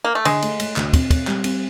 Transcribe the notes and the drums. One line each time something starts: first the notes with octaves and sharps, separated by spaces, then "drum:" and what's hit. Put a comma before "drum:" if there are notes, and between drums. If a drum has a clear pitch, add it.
A#3
A3
D3 G#3, drum: cymbal
A3, drum: cymbal
A3, drum: cymbal
D2, drum: clap
C4, drum: kick, cymbal
C4, drum: kick, cymbal
G3, drum: clap
C4, drum: cymbal